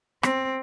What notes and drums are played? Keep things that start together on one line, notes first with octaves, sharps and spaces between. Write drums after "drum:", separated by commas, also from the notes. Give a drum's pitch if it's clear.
C4, drum: rim click